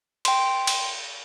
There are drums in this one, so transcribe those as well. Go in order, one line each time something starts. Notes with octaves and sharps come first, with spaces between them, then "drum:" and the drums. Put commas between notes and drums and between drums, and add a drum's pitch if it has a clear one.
G5 C6, drum: cymbal
drum: cymbal